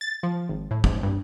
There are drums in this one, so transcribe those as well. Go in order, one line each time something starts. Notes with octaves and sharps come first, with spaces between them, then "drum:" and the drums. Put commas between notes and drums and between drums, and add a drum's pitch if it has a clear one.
A6
F3
G#1
A2
G#2, drum: kick
G2